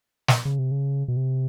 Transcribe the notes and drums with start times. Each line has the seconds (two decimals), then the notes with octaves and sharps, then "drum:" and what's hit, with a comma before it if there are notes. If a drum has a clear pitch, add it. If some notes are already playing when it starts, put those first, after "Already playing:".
0.28 drum: snare
0.45 C#3
0.59 C3
0.71 C#3
1.08 B2
1.17 C3